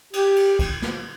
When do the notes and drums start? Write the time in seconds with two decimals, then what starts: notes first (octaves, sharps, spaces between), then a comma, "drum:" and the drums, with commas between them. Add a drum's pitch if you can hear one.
0.13 G4, drum: cymbal
0.36 drum: cymbal
0.59 drum: kick, cymbal
0.82 drum: snare